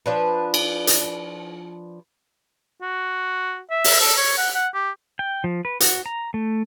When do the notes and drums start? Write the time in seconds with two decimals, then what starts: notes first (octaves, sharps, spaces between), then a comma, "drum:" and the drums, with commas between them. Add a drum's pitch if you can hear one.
0.06 F3 D4 B4
0.54 drum: cymbal
0.87 drum: hi-hat
2.82 F#4
3.70 E5
3.84 drum: open hi-hat
4.00 A4
4.17 C#5
4.38 F#5
4.55 F#5
4.74 G4
5.19 G5
5.44 F3
5.65 B4
5.80 F#4, drum: hi-hat
6.06 A#5
6.34 A3